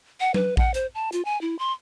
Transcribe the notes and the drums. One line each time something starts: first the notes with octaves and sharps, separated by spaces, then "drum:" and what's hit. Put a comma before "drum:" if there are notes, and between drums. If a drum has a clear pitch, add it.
F#5
B4, drum: tom
F#5, drum: kick A#1
C5, drum: hi-hat
A5
F4, drum: hi-hat
G#5
E4
C6